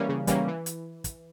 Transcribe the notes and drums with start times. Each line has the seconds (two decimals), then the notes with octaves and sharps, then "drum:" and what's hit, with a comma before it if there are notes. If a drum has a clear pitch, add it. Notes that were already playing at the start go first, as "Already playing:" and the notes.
Already playing: E3 G3 A#3 C#4
0.09 C#3
0.27 E3 G3 A#3 C#4, drum: kick, hi-hat
0.48 E3
0.66 drum: hi-hat
1.04 drum: kick, hi-hat